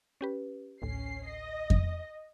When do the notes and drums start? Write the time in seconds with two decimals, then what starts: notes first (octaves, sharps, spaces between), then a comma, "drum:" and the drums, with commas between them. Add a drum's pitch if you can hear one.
0.21 C#4 G4 B4
0.82 A1 D2 A2 C#4 C7
1.28 D#5
1.70 drum: kick F2